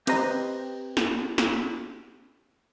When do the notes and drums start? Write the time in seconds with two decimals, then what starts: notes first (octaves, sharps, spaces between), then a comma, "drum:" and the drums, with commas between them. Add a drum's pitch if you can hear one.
0.07 C4 G4 B4 C5 D#5 A#5, drum: cymbal
0.97 drum: snare
1.38 drum: snare